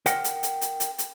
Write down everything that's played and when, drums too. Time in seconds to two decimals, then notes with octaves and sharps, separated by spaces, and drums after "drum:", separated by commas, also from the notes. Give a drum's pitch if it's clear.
0.06 A#4 F#5 G5, drum: hi-hat
0.24 drum: hi-hat
0.43 drum: hi-hat
0.61 drum: hi-hat
0.80 drum: hi-hat
0.98 drum: hi-hat